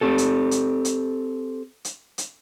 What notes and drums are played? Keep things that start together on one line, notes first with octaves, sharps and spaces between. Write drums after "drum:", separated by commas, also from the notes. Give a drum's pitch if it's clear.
C4 G4 A4
drum: hi-hat
drum: hi-hat
drum: hi-hat
drum: hi-hat
drum: hi-hat